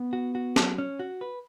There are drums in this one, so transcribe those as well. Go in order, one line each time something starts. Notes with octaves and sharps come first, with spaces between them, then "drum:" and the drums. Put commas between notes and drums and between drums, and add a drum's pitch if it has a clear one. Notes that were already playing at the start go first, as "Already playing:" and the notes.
Already playing: B3
F#4
F#4
F#3, drum: snare
C#4
F#4
B4